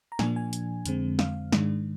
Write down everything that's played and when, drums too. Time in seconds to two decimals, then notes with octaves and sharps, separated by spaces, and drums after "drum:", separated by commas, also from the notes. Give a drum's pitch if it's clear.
0.12 A#5
0.19 A#2 F3 A#3 D4 G#5, drum: snare
0.36 G#5
0.53 drum: hi-hat
0.86 F2 D3 G#3 C4, drum: hi-hat
1.19 F5, drum: snare
1.52 G#2 D#3 G#3 D4, drum: snare